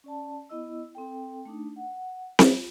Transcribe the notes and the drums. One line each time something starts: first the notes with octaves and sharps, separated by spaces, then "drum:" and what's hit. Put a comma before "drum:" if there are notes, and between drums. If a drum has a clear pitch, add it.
C#4 D5 A5
B3 E4 D#5 E6
C4 A4 G5
A3 D4 D#4
F#5
F4, drum: snare C4